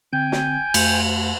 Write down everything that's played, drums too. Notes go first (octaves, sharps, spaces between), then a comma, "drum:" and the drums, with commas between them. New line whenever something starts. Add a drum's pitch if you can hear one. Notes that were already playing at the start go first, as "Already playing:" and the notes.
D3 C4 G5 G#5 G6
drum: snare
F2 A3 C#7, drum: cymbal